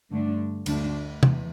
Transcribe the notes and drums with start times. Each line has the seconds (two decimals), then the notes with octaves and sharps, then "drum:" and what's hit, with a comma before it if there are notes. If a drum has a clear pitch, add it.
0.10 G2 D3 A3 D4
0.66 D2 D3 A3 D4, drum: cymbal
1.23 E2, drum: tom